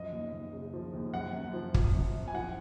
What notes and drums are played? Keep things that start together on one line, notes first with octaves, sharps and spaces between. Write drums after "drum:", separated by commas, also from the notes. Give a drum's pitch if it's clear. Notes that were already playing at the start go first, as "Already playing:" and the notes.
Already playing: F#2 F3 D#5
D#2
D#2
C#3
F3
D#2
F#2 F#5
F#2
F3
F3, drum: kick
F#2
F#2
G#5
F3 F#5